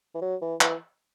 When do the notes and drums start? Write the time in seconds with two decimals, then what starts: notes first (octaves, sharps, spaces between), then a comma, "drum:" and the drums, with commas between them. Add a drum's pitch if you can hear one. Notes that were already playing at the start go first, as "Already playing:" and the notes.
0.14 E3
0.21 F#3
0.41 E3
0.61 E3, drum: clap